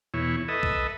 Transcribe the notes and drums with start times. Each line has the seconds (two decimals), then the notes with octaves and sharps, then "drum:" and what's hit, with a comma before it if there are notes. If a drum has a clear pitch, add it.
0.14 E2 B2 E4 C#5
0.48 A4 B4 D#5 E5
0.63 drum: kick